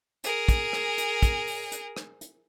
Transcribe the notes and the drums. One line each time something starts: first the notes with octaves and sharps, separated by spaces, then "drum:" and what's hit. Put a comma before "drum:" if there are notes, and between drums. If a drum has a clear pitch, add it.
G#4 A#4, drum: hi-hat
drum: kick, hi-hat
drum: rim click
drum: hi-hat
drum: kick, hi-hat
drum: open hi-hat
drum: hi-hat
drum: rim click
drum: hi-hat